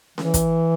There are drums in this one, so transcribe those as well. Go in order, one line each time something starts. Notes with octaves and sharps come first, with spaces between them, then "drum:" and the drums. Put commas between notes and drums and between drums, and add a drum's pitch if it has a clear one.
E3, drum: snare C#4
drum: kick, hi-hat